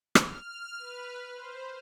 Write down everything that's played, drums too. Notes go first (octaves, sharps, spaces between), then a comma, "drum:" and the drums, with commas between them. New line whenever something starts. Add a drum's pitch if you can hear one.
F6, drum: rim click
B4
C5